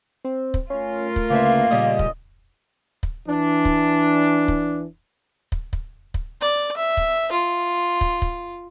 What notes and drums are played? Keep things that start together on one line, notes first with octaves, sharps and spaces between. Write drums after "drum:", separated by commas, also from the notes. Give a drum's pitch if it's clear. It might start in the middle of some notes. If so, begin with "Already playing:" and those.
C4
drum: kick
A3 C#4 F4 A#4
drum: kick
D2 C#3 A#3 B4 E5
A#2 C#3 G3 D#5
drum: kick
drum: kick
E3 D4
drum: kick
drum: kick
drum: kick
drum: kick
drum: kick
D5
E5
drum: kick
F4
drum: kick
drum: kick